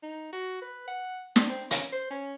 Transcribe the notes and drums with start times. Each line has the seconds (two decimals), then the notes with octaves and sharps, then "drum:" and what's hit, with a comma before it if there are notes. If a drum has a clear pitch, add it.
0.03 D#4
0.33 F#4
0.62 B4
0.88 F#5
1.36 D4, drum: snare
1.49 C4
1.71 C#4, drum: hi-hat
1.93 C5
2.11 C#4